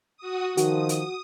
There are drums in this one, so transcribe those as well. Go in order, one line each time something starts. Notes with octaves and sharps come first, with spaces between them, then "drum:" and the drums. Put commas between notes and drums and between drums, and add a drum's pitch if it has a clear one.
F#4 D#6
D#3 F3 F#4 D#6, drum: hi-hat
drum: hi-hat